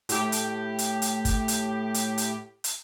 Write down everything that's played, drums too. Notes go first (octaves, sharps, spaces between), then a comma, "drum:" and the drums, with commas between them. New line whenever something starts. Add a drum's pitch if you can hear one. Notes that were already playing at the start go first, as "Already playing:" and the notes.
A2 G4, drum: hi-hat
drum: hi-hat
drum: hi-hat
drum: hi-hat
drum: kick, hi-hat
drum: hi-hat
drum: hi-hat
drum: hi-hat
drum: hi-hat